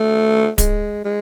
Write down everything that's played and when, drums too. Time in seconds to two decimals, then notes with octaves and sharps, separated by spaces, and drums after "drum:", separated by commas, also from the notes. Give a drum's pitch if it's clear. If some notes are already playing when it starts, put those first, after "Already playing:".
Already playing: A3
0.58 G#3, drum: kick D1, hi-hat
1.05 G#3